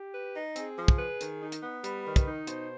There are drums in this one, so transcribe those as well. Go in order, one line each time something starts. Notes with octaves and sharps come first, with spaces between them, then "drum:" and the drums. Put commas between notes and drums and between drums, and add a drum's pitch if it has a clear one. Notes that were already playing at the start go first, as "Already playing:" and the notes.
Already playing: G4
B4
D#4
C4 G#4, drum: hi-hat
F3
drum: kick
B4
D#3, drum: hi-hat
D#4
drum: hi-hat
B3
G3 B4, drum: hi-hat
D#3
drum: kick, hi-hat
D#4
B2 C5, drum: hi-hat